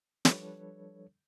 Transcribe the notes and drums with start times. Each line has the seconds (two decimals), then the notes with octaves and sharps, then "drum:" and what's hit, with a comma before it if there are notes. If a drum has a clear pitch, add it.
0.25 F3 G3 D4 A4 B4 C#5, drum: snare